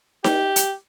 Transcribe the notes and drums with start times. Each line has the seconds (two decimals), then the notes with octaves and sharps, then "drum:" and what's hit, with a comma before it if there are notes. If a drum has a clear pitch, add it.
0.24 G4, drum: snare D#4
0.56 drum: hi-hat